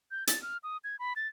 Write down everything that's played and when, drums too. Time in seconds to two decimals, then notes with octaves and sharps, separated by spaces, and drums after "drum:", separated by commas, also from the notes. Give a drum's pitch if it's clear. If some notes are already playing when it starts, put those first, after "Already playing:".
0.11 G6
0.27 A6, drum: hi-hat
0.42 F6
0.63 D#6
0.84 G#6
0.99 B5
1.16 A6